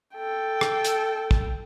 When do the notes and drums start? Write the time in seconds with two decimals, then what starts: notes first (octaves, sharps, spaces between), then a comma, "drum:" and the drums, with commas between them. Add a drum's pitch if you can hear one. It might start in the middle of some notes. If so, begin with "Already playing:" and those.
0.15 A4 G5
0.61 drum: rim click
0.84 drum: hi-hat
1.31 drum: kick